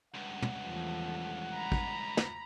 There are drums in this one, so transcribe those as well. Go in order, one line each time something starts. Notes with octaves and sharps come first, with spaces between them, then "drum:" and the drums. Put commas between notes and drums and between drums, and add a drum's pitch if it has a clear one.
C#2 G2 F#5
drum: tom
E2 F3 A3
A#5 B5
drum: kick
drum: snare